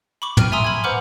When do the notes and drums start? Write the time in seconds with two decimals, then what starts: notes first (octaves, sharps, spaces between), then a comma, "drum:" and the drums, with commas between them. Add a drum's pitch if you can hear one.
0.22 B5 C#6 D6 F#7
0.37 G5 F6 D#7, drum: tom
0.52 E5 G#5 A#5 C6 D#6 E6
0.64 B5 G#6
0.84 B4 C5 F#5 B5 D6 F6